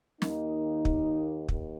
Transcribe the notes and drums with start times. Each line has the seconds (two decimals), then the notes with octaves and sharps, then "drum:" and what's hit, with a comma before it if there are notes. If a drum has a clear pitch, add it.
0.22 D#2 D#3 A#3 D#4, drum: snare
0.85 drum: kick
1.48 D#2, drum: kick